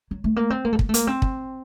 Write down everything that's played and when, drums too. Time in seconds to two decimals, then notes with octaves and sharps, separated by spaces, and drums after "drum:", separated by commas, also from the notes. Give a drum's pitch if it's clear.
0.11 F#3
0.24 A3
0.36 A#3
0.50 C4
0.65 A#3
0.73 A3
0.79 A#3, drum: kick
0.89 A3
0.94 A#3, drum: hi-hat
1.07 C4
1.22 drum: kick